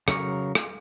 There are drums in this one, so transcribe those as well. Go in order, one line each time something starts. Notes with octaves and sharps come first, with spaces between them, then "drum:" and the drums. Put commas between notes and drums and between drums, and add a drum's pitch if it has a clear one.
C#3 F#3 A#4 C#6, drum: rim click
drum: rim click